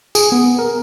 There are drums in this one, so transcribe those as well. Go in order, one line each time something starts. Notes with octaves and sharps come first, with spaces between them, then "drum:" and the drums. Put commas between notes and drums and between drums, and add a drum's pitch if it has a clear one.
G#4, drum: tambourine
B3
A#4